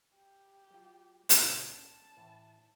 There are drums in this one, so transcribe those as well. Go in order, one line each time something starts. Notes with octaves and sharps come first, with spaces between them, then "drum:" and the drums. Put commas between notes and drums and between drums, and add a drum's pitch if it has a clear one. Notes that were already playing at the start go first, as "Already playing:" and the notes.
G4
F#3 F4
C#2 A#2 C4, drum: hi-hat
C#4 F#5 A5
A2 E3